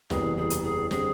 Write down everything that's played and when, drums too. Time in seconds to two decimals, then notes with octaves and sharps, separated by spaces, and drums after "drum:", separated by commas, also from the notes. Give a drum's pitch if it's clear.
0.10 F#1 E2 C3 E3 G3 G#4, drum: snare
0.37 G#4
0.50 drum: hi-hat
0.64 G#4
0.91 D3 G3 C4 G#4, drum: snare